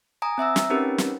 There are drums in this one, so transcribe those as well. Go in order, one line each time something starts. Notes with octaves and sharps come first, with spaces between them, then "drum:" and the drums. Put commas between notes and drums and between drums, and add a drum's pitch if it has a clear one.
G#5 A#5 D#6
C4 E5 A#5 E6
drum: snare
C4 C#4 D#4 G4 A#4 B4
drum: snare